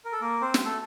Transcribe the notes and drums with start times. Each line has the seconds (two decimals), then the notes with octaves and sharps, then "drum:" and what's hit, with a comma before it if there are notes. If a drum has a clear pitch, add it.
0.05 A#4
0.13 A4
0.21 A#3 A#4
0.41 C4 C5
0.54 drum: snare
0.65 A3 A4